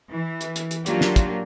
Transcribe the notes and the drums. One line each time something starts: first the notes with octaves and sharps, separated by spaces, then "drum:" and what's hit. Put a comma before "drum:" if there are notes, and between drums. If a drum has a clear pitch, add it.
E3
drum: hi-hat
drum: hi-hat
drum: hi-hat
F#3 A#3 D4 F4 G4, drum: hi-hat
drum: snare
drum: kick, hi-hat